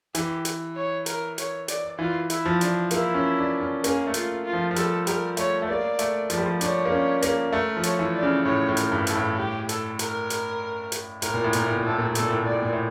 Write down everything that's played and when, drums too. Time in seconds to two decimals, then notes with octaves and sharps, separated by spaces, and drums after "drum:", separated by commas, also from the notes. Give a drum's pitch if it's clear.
0.15 E3 G4, drum: hi-hat
0.45 drum: hi-hat
0.75 C#5
1.06 A#4, drum: hi-hat
1.38 C#5, drum: hi-hat
1.68 D5, drum: hi-hat
1.98 E3 F4
2.30 E4, drum: hi-hat
2.45 F3
2.61 D4, drum: hi-hat
2.91 A#3 E4, drum: hi-hat
3.14 C#4
3.38 D4
3.60 C#4
3.84 A#3 C#4, drum: hi-hat
4.07 A3
4.14 F4, drum: hi-hat
4.45 F4
4.53 F3
4.71 F3
4.76 G3 A4, drum: hi-hat
5.07 G3 A#4, drum: hi-hat
5.37 A3 C#5, drum: hi-hat
5.62 A3
5.68 A#3 D5
5.99 A3, drum: hi-hat
6.30 F3, drum: hi-hat
6.37 G3
6.46 F3
6.61 D4 C#5, drum: hi-hat
6.85 A#3
6.92 C#4
7.22 A#3, drum: hi-hat
7.53 A3 A#4
7.77 F3
7.83 C#5, drum: hi-hat
7.99 E3
8.15 D5
8.23 C#3
8.45 A2 C#5
8.69 A2
8.77 A#4, drum: hi-hat
8.92 G2
9.07 A4, drum: hi-hat
9.15 A2
9.37 G4
9.69 A4, drum: hi-hat
9.99 A#4, drum: hi-hat
10.30 drum: hi-hat
10.92 drum: hi-hat
11.22 A2 A#4, drum: hi-hat
11.34 A#2
11.44 A2
11.53 A#2 A#4, drum: hi-hat
11.66 A2
11.76 A#2
11.84 A2 A4
11.98 A#2
12.09 A2
12.15 A#2 A4, drum: hi-hat
12.30 A2
12.41 A#2 D5
12.52 A2
12.62 A#2
12.73 A2